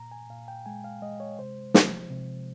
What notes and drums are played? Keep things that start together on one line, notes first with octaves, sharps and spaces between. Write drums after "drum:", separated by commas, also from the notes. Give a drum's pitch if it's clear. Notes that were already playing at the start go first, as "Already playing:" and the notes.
Already playing: A#2 A#5
G#5
A#2 F5
G5
G#3 G#5
F5
G#3 D#5
C#5
C3 C5
F3, drum: snare
C3